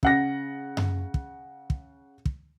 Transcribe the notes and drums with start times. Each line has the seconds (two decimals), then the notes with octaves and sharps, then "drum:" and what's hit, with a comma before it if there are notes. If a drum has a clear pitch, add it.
0.03 C#3 F#5 A#6, drum: kick
0.77 drum: tom F#2
1.14 drum: kick
1.70 drum: kick
2.25 drum: kick